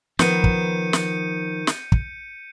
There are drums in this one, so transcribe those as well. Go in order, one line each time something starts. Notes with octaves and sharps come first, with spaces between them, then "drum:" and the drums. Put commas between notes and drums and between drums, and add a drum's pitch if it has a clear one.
D#3 F3 B3 G6 C#7 D#7, drum: snare
drum: kick
drum: snare
drum: snare
drum: kick